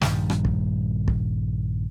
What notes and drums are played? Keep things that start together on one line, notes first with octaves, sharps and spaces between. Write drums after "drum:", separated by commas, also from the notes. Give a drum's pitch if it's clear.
A#1 G2 D#3 G3, drum: snare
drum: rim click
drum: kick
drum: kick